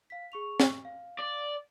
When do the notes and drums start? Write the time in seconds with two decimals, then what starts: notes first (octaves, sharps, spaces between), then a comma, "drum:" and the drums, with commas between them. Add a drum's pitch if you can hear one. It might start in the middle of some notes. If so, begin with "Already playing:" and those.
0.10 F5 B6
0.32 G#4 C#6 F7
0.60 drum: snare
0.85 F5
1.19 D5